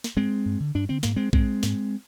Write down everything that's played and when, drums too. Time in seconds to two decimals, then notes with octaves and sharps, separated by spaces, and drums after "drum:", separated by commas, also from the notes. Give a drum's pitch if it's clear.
0.04 drum: snare
0.16 G#2 G#3 C4
0.45 G2
0.60 D3
0.75 G2 D4
0.89 D3 C4
1.03 G#2 A#3, drum: snare
1.16 G#3 C4
1.33 G#2 G#3 C4, drum: kick A#1
1.63 G#2, drum: snare